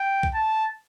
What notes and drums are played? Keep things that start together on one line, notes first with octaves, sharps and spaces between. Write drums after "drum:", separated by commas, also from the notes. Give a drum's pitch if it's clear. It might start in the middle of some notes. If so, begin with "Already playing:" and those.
Already playing: G5
drum: kick B1
A5